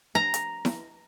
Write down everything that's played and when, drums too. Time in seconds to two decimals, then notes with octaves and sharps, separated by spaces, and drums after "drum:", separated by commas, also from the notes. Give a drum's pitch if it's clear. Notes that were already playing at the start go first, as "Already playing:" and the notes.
0.15 A#5
0.34 drum: hi-hat
0.65 drum: snare E4